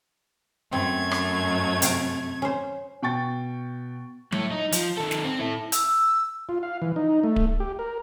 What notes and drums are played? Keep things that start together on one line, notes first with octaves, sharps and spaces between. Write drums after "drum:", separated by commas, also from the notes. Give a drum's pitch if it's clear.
F#2 A3 C4 G#6
drum: rim click
C3 F5 G5, drum: hi-hat
C#4 C5
B2 G5 C#6 A6
A2 A3, drum: tom F#3
D#4
F3, drum: hi-hat
D#3 A4
drum: snare
C4
E4 A4
E6, drum: hi-hat
F4
F5
E3
D#4
A3
drum: kick D1
G4
A#4